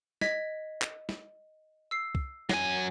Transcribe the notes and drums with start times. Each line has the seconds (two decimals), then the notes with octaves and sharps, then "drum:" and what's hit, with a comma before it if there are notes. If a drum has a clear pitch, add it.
0.21 D#5 G#6 B6, drum: snare
0.82 drum: clap
1.09 drum: snare
1.91 E6 C7
2.15 drum: kick
2.49 F#3 G#5, drum: snare